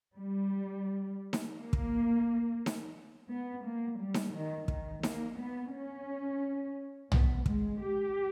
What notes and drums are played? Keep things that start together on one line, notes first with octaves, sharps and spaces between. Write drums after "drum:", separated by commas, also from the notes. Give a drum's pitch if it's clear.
G3
drum: snare D#4
A#3
drum: kick
drum: snare D#4
B3
A#3
G3
drum: snare D#4
D#3
D#3, drum: kick
A#3, drum: snare D#4
B3
C#4
B3, drum: tom
G#3, drum: kick
G4